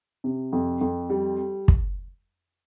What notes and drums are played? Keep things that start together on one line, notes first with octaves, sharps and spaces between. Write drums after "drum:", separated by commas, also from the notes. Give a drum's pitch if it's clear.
C3
F2
F2
G3
drum: kick